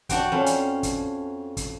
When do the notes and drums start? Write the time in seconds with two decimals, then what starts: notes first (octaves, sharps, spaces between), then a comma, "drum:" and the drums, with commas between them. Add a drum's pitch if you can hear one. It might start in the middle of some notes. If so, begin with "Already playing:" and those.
0.09 D4 F#4 G5, drum: kick, hi-hat
0.32 F2 C#4
0.46 drum: hi-hat
0.83 drum: kick, hi-hat
1.57 drum: kick, hi-hat